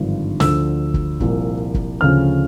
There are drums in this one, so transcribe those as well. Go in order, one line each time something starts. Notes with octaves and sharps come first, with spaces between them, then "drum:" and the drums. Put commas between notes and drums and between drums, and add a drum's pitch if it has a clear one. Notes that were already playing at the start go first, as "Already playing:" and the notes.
Already playing: G#1 G2 D3 F3
D2 D3 F3 E6, drum: snare
drum: kick
C2 A#2 F3, drum: kick
drum: kick
D2 C#3 F3 F6